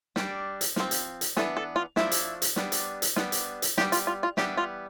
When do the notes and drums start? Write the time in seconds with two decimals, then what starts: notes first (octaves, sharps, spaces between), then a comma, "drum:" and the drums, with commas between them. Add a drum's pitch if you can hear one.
0.16 G3 D4, drum: snare
0.61 drum: hi-hat
0.76 F3 C4, drum: snare
0.91 drum: hi-hat
1.21 drum: hi-hat
1.37 E3 B3 D4 A4, drum: snare
1.57 A4
1.76 F4
1.96 F3 A3 D4 E4, drum: snare
2.11 drum: hi-hat
2.42 drum: hi-hat
2.56 G3 B3 D4, drum: snare
2.72 drum: hi-hat
3.02 drum: hi-hat
3.16 G3 B3 D4 F4, drum: snare
3.32 drum: hi-hat
3.62 drum: hi-hat
3.78 G3 B3 D4 G4, drum: snare
3.92 F4, drum: hi-hat
4.07 F4
4.23 F4
4.37 E3 G3 B3 D4 G4, drum: snare
4.57 F4